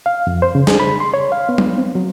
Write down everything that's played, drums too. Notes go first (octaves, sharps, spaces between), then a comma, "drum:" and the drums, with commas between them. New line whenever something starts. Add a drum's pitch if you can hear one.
F5
F2
C5
C#3
G#4, drum: snare
B5
C6
C#5
F5
B3
drum: tom F#3
C4
F#3